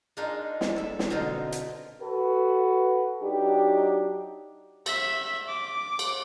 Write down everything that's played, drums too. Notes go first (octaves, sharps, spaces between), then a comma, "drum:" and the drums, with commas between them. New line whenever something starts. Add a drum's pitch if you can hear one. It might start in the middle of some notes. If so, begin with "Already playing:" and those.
G#3 A#3 D4 D#4 F4
drum: snare
A4 E5
drum: snare
B2 D3 C4 D#4 F4
drum: hi-hat
F#4 A4 B4
F#3 D4 D#4 G4
E5 B6, drum: cymbal
D6
drum: cymbal